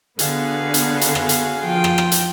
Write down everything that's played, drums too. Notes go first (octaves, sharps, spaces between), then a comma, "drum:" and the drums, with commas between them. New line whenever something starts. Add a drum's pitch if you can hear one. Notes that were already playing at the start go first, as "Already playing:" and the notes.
D3 B3 F#4 G#4 F5, drum: hi-hat
drum: hi-hat
drum: hi-hat
drum: rim click
drum: hi-hat
F3 F4 G5
drum: rim click
drum: rim click
drum: hi-hat